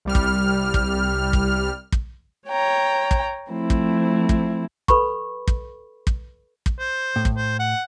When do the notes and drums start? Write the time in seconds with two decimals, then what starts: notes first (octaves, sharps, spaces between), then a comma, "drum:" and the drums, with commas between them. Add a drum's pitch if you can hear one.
0.05 C2 G3 F6
0.15 drum: kick
0.74 drum: kick
1.33 drum: kick
1.92 drum: kick
2.48 C#5 G5 A#5
3.11 drum: kick
3.51 F3 A3 C4 E4
3.70 drum: kick
4.29 drum: kick
4.88 A4 B4 B5 C#6, drum: kick
5.48 drum: kick
6.07 drum: kick
6.66 drum: kick
6.79 C5
7.16 A2
7.25 drum: kick
7.37 C5
7.59 F#5